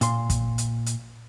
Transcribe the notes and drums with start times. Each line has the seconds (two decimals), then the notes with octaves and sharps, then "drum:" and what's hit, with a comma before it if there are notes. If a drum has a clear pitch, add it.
0.01 A#2 C6, drum: hi-hat
0.30 drum: kick, hi-hat
0.58 drum: hi-hat
0.86 drum: hi-hat